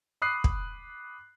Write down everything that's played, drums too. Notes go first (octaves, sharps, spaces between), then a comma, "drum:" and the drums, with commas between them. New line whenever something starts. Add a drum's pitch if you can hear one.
B5 D6 D#6 F#6 C7
drum: kick